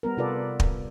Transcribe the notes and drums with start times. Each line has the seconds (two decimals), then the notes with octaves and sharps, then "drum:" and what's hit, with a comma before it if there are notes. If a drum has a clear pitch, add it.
0.03 G3 B3 A#4
0.17 C3 F4 A4 B4 D5
0.60 drum: kick